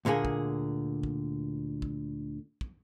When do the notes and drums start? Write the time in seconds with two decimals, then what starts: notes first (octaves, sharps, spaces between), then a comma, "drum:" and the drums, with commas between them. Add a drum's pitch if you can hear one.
0.05 D2 A#2 D3 A#3 G#4
0.25 drum: kick
1.03 drum: kick
1.82 drum: kick
2.61 drum: kick